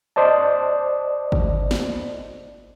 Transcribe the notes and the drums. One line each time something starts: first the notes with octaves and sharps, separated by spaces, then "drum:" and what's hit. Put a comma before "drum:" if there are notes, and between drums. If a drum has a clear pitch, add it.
C5 D5 D#5 A5
drum: kick
drum: snare